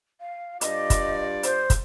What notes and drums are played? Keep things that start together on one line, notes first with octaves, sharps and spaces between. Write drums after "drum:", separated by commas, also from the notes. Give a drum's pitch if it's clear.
F5
G2 F4 D5 D#5, drum: hi-hat
drum: kick, hi-hat
C5, drum: hi-hat
drum: kick, hi-hat